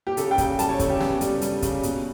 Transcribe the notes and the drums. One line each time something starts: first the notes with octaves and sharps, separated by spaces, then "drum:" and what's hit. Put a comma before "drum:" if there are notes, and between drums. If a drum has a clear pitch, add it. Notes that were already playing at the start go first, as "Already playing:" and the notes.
G4
C#3 A4, drum: hi-hat
G5
C#3, drum: kick, hi-hat
G3 A5, drum: hi-hat
C#5
C#3 A4, drum: kick, hi-hat
G4
B3, drum: snare
G3, drum: hi-hat
G3, drum: hi-hat
C#3, drum: kick, hi-hat
B2, drum: hi-hat